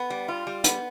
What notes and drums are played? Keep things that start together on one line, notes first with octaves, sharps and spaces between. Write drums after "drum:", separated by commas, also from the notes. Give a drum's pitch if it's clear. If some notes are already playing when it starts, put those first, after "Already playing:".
Already playing: B3
G3
F4
G3
B3, drum: hi-hat